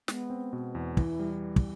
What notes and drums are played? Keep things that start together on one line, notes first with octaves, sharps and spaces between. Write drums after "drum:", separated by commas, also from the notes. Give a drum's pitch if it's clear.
G#3 B3, drum: snare
C4
B2
E2
E3 E4, drum: kick
G3
drum: kick